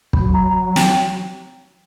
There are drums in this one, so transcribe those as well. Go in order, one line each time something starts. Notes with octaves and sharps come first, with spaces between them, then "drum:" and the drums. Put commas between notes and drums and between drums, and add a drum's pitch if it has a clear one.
F#3 B5, drum: kick
A#5
A#5
G5, drum: snare